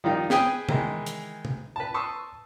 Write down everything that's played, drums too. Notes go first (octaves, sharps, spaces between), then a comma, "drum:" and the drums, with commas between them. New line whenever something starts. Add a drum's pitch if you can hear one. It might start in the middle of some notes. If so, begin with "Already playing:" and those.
D#3 F3 G3 D#4
G#4 B4 G5 G#5 D#6, drum: snare
D#3 E3 G#3, drum: tom C3
drum: hi-hat
drum: tom C3
B4 A5
A5 C6 C#6 D#6 E6